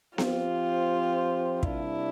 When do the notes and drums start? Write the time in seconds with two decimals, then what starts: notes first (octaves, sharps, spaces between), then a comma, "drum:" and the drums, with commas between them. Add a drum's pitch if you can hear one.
0.18 F3 C4 F4 G4 C5, drum: snare B3
1.63 C3 G3 A#3 D4 E4, drum: kick